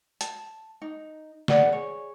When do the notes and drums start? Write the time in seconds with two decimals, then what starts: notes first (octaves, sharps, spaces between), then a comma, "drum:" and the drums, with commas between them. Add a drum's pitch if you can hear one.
0.21 A5, drum: hi-hat
0.82 D#4
1.48 G#4 B4 D5 F#5, drum: snare
1.72 G#4 C#5